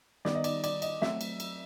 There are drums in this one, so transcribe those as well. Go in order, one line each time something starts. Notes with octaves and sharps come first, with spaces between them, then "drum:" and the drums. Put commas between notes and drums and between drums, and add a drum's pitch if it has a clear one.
D#3 G3 B3 D#4 D5, drum: snare
D#5
D5, drum: cymbal
D5, drum: cymbal
D#5, drum: cymbal
F#3 A3 C4 E5, drum: snare
drum: cymbal
drum: cymbal